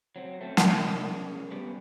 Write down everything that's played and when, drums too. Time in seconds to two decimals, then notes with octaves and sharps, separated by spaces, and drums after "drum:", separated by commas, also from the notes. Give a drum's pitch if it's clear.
0.16 F#3 C4
0.41 A3 C4 C#4
0.57 B3 D4 F#4 D5 E5, drum: snare
0.69 C3 A3 D4 F4 A#4
1.14 C#4 G#4 A#4
1.51 G3 B3 C4 G4 B4